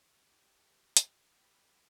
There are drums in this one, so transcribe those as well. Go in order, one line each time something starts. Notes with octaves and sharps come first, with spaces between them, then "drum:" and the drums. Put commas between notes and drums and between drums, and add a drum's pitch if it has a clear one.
G4
drum: hi-hat
B3 F#4 G4 A#4 B5